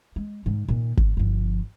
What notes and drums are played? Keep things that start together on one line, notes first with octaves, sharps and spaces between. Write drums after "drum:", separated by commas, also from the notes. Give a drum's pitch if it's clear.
G#3
G#2 D#3
A#2 D#3
G#1 E3, drum: kick G1
G1 F3